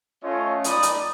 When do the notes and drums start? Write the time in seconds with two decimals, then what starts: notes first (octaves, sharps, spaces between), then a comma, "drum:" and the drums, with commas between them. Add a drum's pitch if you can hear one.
0.22 A3 C#4 F4 C#5 D#5
0.64 D#4 D5 B5 D#6, drum: hi-hat
0.83 drum: hi-hat